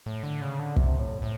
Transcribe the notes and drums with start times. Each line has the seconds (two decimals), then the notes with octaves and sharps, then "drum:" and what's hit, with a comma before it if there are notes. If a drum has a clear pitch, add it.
0.06 A2
0.23 D3
0.41 C#3
0.59 D3
0.76 C3, drum: kick
0.99 A2
1.22 A2